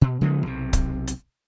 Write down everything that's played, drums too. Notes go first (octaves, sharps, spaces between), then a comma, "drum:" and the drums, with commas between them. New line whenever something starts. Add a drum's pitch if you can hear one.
B2
C#3 F3 G#3 B3
B1 C3
drum: kick C#1, hi-hat
drum: hi-hat